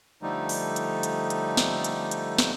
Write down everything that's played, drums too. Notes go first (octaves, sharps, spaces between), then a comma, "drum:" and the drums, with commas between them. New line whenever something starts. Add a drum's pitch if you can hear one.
D3 F3 G3 A3 D#4
drum: open hi-hat
drum: hi-hat
drum: hi-hat
drum: hi-hat
drum: snare
drum: hi-hat
drum: hi-hat
drum: snare